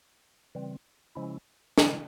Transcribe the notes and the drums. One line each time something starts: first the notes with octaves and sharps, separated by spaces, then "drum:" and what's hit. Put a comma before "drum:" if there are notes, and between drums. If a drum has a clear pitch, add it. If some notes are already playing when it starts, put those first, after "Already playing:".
C#3 E3 G3 C4
C#3 F3 G#3 C#4 E4
C#3 F3 G#3 C#4 E4, drum: snare